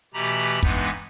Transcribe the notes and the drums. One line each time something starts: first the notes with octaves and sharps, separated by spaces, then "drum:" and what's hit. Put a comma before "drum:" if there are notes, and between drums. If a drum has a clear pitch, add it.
B2 E3 A3 G4 A#5 B5
G2 E3 G#3 B3 D#4, drum: kick